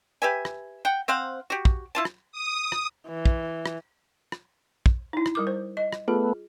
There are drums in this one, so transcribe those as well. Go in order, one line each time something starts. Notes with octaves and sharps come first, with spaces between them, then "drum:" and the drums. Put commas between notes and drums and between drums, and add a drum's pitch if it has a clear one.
G4 B4 E5 G#5
drum: rim click
F#5 G5
C4 C5 F5 F#5
F#4 G4
drum: kick
E4 F4 A5
drum: rim click
D#6
drum: rim click
E3
drum: kick
drum: rim click
drum: rim click
drum: kick
D#4 E4
drum: rim click
G3 A#4 D6
C5
D#5
drum: rim click
A3 B3 F4 G#4